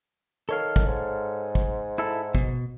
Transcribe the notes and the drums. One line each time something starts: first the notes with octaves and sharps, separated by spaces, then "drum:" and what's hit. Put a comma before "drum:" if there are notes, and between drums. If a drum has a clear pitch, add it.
D#3 A4 C#5 F5
drum: kick
G#2
drum: kick
E4 A4
B2, drum: kick